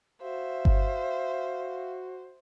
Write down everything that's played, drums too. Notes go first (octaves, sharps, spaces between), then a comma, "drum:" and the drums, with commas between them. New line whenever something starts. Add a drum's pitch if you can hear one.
F#4 C5 E5 F5
drum: kick G1